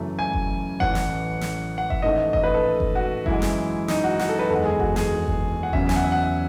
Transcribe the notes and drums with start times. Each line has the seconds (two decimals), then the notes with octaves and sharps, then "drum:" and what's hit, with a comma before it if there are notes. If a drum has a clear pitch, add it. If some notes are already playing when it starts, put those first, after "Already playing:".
Already playing: F#2 C#3 E3 A3
0.19 G#5
0.33 drum: kick F#1
0.80 A1 A2 E3 F#5, drum: kick F#1
0.95 drum: snare
1.41 drum: snare
1.78 F#5
1.90 E5, drum: kick F#1
2.02 A1 G#2 D#3 A3 D#5
2.33 D#5, drum: kick F#1
2.43 B4
2.54 A4
2.80 drum: kick F#1
2.95 F#4
3.26 F#2 E3 G#3 E4, drum: kick F#1
3.42 drum: snare
3.88 D#4, drum: snare
4.04 F#4
4.19 F#4, drum: snare
4.29 A4
4.39 B4
4.50 F#1 E2 D#3 G#3 A4
4.66 G#4
4.80 F#4, drum: kick F#1
4.96 G#4, drum: snare
5.27 drum: kick F#1
5.63 F#5
5.73 E2 C#3 F#3 E5, drum: kick F#1
5.89 G#5, drum: snare
5.96 F#5
6.04 E5
6.12 F#5